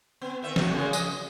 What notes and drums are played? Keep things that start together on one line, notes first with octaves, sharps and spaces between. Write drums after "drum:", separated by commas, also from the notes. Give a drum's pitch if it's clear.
B3
D#3 E5
A2 F#4, drum: snare
C#3 G#3 A#3
D#5, drum: tambourine